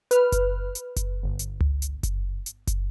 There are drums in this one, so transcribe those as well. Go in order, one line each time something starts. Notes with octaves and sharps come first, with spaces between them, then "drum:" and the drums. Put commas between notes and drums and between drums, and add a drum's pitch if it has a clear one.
B4 F6, drum: hi-hat
drum: kick F#1, hi-hat
drum: hi-hat
drum: kick F#1, hi-hat
G1
drum: hi-hat
drum: tom C#2
drum: hi-hat
drum: kick F#1, hi-hat
drum: hi-hat
drum: kick F#1, hi-hat